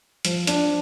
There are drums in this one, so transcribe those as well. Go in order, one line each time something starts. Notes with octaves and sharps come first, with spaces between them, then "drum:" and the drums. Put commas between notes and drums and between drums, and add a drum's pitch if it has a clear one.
F3, drum: hi-hat
D4, drum: hi-hat